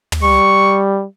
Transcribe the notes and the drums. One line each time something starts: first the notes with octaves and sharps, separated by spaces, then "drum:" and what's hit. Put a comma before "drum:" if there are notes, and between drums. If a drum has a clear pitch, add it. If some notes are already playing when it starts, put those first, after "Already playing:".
drum: tom
G3 C#6